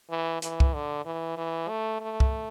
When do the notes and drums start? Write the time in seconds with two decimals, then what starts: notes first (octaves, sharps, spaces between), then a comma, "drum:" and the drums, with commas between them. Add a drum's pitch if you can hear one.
0.11 E3
0.42 E3, drum: hi-hat
0.60 drum: kick
0.74 D3
1.06 E3
1.37 E3
1.69 A3
2.01 A3
2.20 drum: kick